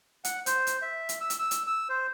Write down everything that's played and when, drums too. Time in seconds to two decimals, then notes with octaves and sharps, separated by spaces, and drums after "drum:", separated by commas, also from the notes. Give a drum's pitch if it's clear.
0.24 F#5, drum: hi-hat
0.46 C5, drum: hi-hat
0.67 drum: hi-hat
0.82 E5
1.09 drum: hi-hat
1.21 E6
1.30 drum: hi-hat
1.39 E6
1.51 drum: hi-hat
1.67 E6
1.89 C5